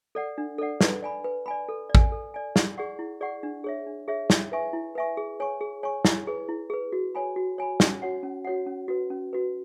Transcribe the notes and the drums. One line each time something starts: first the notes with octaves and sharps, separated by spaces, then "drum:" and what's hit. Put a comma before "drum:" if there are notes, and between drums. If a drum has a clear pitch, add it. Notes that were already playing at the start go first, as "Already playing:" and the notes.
A4 D5 F#5
D4
A4 D5 F#5
B4, drum: snare
D5 G#5 B5
B4
D5 G#5 B5
A4
D5
G#5, drum: kick A1
A4
D5 G#5
E4, drum: snare
G#4 D5 F#5 C#6
E4
G#4 D5 F#5 C#6
D4
G#4 C#5 E5
D4
G#4 C#5 E5
E4, drum: snare
B4 E5 G#5 C#6
E4
B4 E5 G#5 C#6
G#4
C#5 G#5 C#6
G#4
C#5 G#5 C#6
E4, drum: snare
G#4 B4
E4
G#4 B4
F#4
C#5 G#5 B5
F#4
C#5 G#5 B5
C#4, drum: snare
F#4 C#5 F#5
C#4
F#4 C#5 F#5
C#4
F#4 B4
C#4
F#4 B4